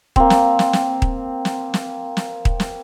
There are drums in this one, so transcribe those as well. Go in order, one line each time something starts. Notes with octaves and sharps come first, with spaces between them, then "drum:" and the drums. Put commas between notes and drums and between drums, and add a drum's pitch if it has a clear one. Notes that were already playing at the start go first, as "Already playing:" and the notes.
A#3 C4, drum: kick D#1
drum: snare
drum: snare
drum: snare
drum: kick D#1
drum: snare
drum: snare
drum: snare
drum: kick D#1
drum: snare